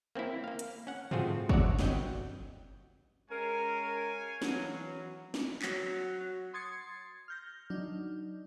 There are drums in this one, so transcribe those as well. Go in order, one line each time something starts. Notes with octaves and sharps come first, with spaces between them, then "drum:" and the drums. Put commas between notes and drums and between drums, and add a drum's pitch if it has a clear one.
A#3 C4 C#4 E4
A#3 F5
drum: hi-hat
C#4 F#5
F3 A3 C4 F4 F#4 G#4, drum: tom G2
F#4 C#5 D5 E5 F#5, drum: kick
G1 F#3 D#5 G5, drum: snare
G#3 C#4 A#4 C#5 F5 G#5
E3 F#3, drum: snare
drum: snare
F#3, drum: clap
C6 D#6 G#6 A6 C7 C#7
F6 G6 A#6
F#3 D4 D#4